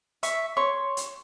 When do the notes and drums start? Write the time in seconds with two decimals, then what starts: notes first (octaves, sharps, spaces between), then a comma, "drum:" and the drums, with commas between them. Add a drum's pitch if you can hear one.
0.23 E5 C#6, drum: hi-hat
0.57 C#5 C6 C#6
0.97 drum: hi-hat